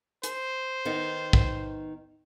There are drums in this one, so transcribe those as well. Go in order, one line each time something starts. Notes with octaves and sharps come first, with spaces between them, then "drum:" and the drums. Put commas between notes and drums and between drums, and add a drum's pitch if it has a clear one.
C5, drum: hi-hat
D#3 B3 D#4
drum: kick